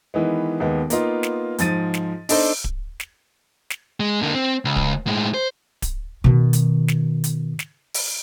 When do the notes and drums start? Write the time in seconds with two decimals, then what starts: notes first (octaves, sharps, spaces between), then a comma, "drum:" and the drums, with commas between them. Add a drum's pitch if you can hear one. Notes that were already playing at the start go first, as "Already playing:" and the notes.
0.14 D#3 E3 G#3 B3
0.60 D#2 G#3 B3
0.90 A#3 B3 D#4 F4, drum: hi-hat
1.23 drum: snare
1.58 G#2 F3 A6 D#7, drum: hi-hat
1.94 drum: snare
2.29 D4 D#4 A4 C5 D#5, drum: open hi-hat
2.64 drum: kick D1
3.00 drum: snare
3.70 drum: snare
4.00 G#3
4.23 D3 A#3
4.35 C4
4.65 C#2
4.76 drum: kick D1
5.07 A2 G#3
5.34 C5
5.82 drum: kick D1, hi-hat
6.24 B2 D#3
6.53 drum: hi-hat
6.88 drum: snare
7.24 drum: hi-hat
7.59 drum: snare
7.94 drum: open hi-hat